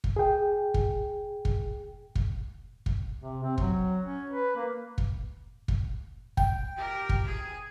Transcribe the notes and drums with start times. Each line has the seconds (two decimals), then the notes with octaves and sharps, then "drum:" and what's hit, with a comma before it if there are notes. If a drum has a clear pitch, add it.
0.04 drum: kick
0.16 G#4 G5
0.74 drum: kick
1.45 drum: kick
2.15 drum: kick
2.86 drum: kick
3.21 C3
3.44 C4
3.58 F#3, drum: kick
4.05 C#4
4.30 B4
4.56 A#3
4.98 drum: kick
5.68 drum: kick
6.37 G5, drum: kick
6.77 G4 A#4
7.09 drum: kick
7.25 G#4 G#5